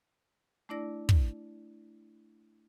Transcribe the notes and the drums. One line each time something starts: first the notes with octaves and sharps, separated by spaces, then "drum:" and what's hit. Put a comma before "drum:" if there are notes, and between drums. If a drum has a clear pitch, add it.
A3 D4 E4 D5 A#6
drum: kick